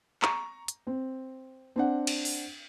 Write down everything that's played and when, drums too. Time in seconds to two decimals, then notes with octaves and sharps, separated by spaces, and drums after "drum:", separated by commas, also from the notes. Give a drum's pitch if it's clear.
0.22 A#5 C#6, drum: clap
0.68 drum: hi-hat
0.87 C4
1.76 C4 D4 F#5
2.07 drum: cymbal
2.25 drum: open hi-hat